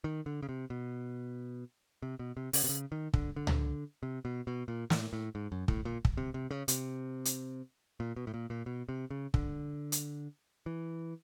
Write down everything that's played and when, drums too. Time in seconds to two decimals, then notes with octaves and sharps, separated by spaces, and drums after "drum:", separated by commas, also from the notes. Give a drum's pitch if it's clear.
0.04 D#3
0.26 D3
0.43 C#3
0.49 C3
0.70 B2
2.02 C3
2.19 B2
2.37 C3
2.53 C#3, drum: open hi-hat
2.64 C3
2.69 C#3
2.92 D#3
3.14 D3, drum: kick
3.36 D3
3.47 drum: tom C#2
4.03 C3
4.25 B2
4.47 B2
4.68 A#2
4.90 A2, drum: snare
5.13 A2
5.35 G#2
5.52 F#2
5.68 A2, drum: kick
5.85 A#2
6.05 drum: kick
6.17 C3
6.34 C3
6.51 C#3
6.68 C3, drum: hi-hat
7.25 drum: hi-hat
8.00 A#2
8.16 B2
8.27 A2
8.34 A#2
8.50 A#2
8.66 B2
8.89 C3
9.11 C#3
9.34 D3, drum: kick
9.92 drum: hi-hat
10.66 E3